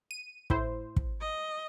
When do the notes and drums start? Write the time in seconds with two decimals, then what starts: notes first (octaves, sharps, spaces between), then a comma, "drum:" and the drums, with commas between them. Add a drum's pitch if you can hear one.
0.11 D#7
0.50 A2 E4 C5, drum: kick
0.96 drum: kick
1.20 D#5